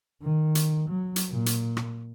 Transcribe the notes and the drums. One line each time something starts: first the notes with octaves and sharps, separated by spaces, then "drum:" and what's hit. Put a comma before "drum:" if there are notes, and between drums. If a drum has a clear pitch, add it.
D#3
drum: hi-hat
F#3
drum: hi-hat
A#2
drum: hi-hat
drum: rim click